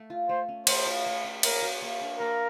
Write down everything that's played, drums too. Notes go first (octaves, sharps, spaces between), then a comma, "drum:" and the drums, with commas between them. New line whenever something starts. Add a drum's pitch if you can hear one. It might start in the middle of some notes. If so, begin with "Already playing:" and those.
Already playing: A3
F4
A3 C5
C#4
A3 C5, drum: cymbal
F4
A3
C#4
A#3 A#4, drum: cymbal
F#4
A#3
D4
A#3 A#4